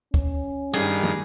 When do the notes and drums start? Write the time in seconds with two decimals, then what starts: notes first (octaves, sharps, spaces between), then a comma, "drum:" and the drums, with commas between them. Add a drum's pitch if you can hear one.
0.14 C#4, drum: kick
0.74 G2 D#3 G3 G#4
1.03 drum: tom